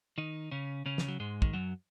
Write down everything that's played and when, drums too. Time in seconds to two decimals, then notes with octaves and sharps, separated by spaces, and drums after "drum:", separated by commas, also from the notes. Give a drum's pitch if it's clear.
0.18 D#3 D#4
0.51 C#3 C#4
0.86 C#3 C#4
0.98 drum: snare
1.08 F#3
1.20 G#2 G#3
1.42 D#3, drum: kick
1.53 F#2 F#3